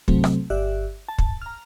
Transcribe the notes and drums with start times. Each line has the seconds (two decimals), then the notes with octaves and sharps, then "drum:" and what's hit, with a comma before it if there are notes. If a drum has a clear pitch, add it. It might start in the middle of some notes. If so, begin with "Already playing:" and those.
0.08 C3 F#3 A3 C4, drum: kick
0.24 drum: rim click
0.50 G1 G4 D5 E5 F#6
1.08 A5
1.18 drum: kick
1.42 A#5 F6